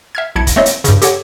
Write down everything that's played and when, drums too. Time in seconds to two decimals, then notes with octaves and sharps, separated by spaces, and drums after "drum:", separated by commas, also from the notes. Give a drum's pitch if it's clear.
0.15 E5 F6 G#6
0.36 B1 E4 A5 G#6 C#7
0.47 drum: kick F1, hi-hat
0.56 A3 A#3 C4 E4 C#5 D#5
0.66 drum: hi-hat
0.84 G2 C#3, drum: hi-hat
1.02 G4 A4 C#5 F#5, drum: hi-hat